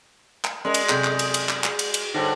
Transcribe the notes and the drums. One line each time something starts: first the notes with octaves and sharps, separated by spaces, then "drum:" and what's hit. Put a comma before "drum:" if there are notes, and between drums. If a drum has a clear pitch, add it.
drum: clap
G#3 C#4 A#4 D5 A#5 C6
drum: cymbal
F#2 C3 G#4 A4 D5 G6 B6, drum: clap
drum: clap
drum: cymbal
drum: cymbal
drum: clap
drum: clap
drum: cymbal
drum: cymbal
G2 D3 D#4 C5 C#5 F#5 G5 A#6